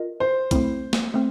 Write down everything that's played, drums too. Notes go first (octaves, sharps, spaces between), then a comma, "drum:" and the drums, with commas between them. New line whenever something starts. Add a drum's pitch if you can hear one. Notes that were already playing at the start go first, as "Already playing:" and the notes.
Already playing: F4 A#4 D#5
C5
A3 C4 E4, drum: kick, hi-hat
drum: snare
A3 C4